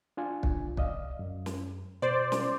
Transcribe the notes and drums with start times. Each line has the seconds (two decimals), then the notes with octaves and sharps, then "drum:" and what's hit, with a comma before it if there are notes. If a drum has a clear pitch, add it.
0.17 D4 F4 G#5
0.43 drum: kick
0.77 D5 D#5 F5, drum: kick
1.19 F#2
1.46 drum: snare
2.02 B2 C5 D5
2.32 drum: snare